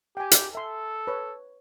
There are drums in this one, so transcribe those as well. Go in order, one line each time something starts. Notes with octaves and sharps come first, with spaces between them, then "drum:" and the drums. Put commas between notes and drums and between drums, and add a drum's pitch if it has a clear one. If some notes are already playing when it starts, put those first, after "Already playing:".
G4 G5 G#5
drum: hi-hat
A4 E5 C6
B4 C#5